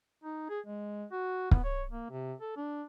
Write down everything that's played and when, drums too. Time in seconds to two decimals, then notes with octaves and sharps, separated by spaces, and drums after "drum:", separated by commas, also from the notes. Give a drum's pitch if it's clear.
0.24 D#4
0.50 G#4
0.66 G#3
1.12 F#4
1.51 B3, drum: kick
1.64 C#5
1.91 A#3
2.10 C3
2.41 A4
2.56 D4